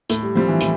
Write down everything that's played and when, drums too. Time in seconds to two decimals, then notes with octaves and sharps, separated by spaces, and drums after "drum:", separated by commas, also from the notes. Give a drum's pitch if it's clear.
0.10 A2 A3, drum: hi-hat
0.23 G3
0.35 F3 G3 C4
0.48 E3
0.61 A2 E3, drum: hi-hat